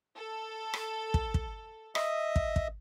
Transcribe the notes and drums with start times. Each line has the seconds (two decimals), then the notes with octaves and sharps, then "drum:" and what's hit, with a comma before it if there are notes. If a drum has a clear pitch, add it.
0.16 A4
0.74 drum: rim click
1.14 drum: kick
1.34 drum: kick
1.95 D#5 E5 D#6, drum: rim click
2.36 drum: kick
2.56 drum: kick